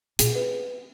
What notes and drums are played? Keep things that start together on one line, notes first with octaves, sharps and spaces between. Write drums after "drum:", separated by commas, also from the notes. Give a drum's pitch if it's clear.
A#2 G#4, drum: hi-hat
B4